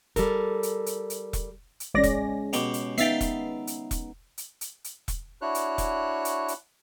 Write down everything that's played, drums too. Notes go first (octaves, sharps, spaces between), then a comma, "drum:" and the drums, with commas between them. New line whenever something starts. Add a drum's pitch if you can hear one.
G3 A4 A#4, drum: kick E1, hi-hat
drum: hi-hat
drum: hi-hat
drum: hi-hat
drum: kick E1, hi-hat
drum: hi-hat
A1 G#3 C#4 D5 A#6
drum: kick E1, hi-hat
B2 G4, drum: hi-hat
drum: hi-hat
B3 D#4 E5 F5 G5 A6 B6 C7, drum: hi-hat
drum: kick E1, hi-hat
drum: hi-hat
drum: kick E1, hi-hat
drum: hi-hat
drum: hi-hat
drum: hi-hat
drum: kick E1, hi-hat
D4 E4 F#4 C#5 F#6
drum: hi-hat
drum: kick E1, hi-hat
drum: hi-hat
drum: hi-hat